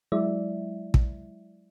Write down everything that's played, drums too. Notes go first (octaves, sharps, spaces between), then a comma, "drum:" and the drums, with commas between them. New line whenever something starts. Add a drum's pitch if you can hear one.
F#3 G#3 E4 D5 E5
drum: kick